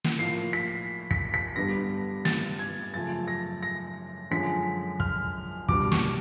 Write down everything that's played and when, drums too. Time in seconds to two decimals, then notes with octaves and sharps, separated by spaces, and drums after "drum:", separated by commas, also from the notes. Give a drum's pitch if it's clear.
0.04 drum: snare
0.18 A2 F3 A#3 C7
0.53 B6
1.11 B6, drum: kick
1.34 B6
1.56 G2 D3 G3 B3 D4 A#6
2.25 A6, drum: snare
2.59 G#6
2.94 F#2 C#3 F3 A3 A6
3.28 A#6
3.63 A#6
4.31 F#2 D3 F3 G#3 C#4 B6
5.00 F6, drum: kick
5.69 B2 G3 B3 D4 D6, drum: kick
5.92 C#6, drum: snare